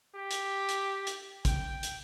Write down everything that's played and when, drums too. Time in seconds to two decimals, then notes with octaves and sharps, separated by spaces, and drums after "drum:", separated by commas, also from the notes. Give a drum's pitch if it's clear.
0.15 G4
0.31 drum: hi-hat
0.69 drum: hi-hat
1.07 drum: hi-hat
1.45 G5, drum: kick A1, hi-hat
1.83 drum: hi-hat